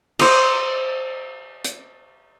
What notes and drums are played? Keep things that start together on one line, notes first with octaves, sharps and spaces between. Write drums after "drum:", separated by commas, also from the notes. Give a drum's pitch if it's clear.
C5 A#5, drum: cymbal
drum: hi-hat